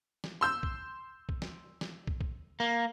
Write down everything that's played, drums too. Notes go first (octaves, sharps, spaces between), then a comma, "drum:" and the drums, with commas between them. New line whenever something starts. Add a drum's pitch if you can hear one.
drum: snare
C6 E6 G6
drum: kick
drum: kick
drum: snare
drum: snare
drum: kick
drum: kick
A#3